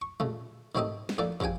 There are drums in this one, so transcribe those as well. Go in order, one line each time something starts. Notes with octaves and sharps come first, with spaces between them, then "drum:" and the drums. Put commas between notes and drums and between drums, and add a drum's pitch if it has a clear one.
C#6
C#3 A3, drum: tom A#2
D#3 F#3 A3 C4 G4 D#5, drum: tom G#2
drum: snare
F2 A2 A#3 D5
G2 C#3 F3 G5 G#5, drum: kick